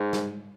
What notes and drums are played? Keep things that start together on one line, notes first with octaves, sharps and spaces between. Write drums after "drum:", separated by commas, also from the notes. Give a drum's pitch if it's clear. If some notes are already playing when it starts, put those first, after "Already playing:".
Already playing: G#2
drum: snare